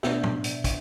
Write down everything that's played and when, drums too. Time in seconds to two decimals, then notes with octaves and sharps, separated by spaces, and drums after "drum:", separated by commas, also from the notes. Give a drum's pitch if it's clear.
0.03 B2 B3 D4 E5 G5, drum: snare
0.23 drum: tom
0.44 drum: hi-hat
0.64 drum: kick, hi-hat